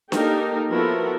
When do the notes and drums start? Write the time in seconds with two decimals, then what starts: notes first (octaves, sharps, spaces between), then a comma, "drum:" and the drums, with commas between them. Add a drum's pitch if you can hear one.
0.12 A#3 D#4 G4 A4 A#4 G5, drum: snare D4
0.69 F3 B3 E4 F#4 A4 A#4